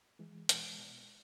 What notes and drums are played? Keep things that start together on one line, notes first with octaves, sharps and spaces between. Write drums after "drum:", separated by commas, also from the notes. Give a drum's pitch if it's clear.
E3 G#3
B2, drum: hi-hat
B2